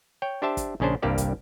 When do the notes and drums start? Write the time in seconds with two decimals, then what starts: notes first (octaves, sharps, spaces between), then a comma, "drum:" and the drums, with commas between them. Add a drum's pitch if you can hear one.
0.22 C#5 G5
0.42 D4 G4 C5 E5 A5
0.57 drum: kick, hi-hat
0.80 A#1 C#3 C#4 D4 C5
1.02 C2 G2 G3 A#3 G4 D5
1.18 drum: kick, hi-hat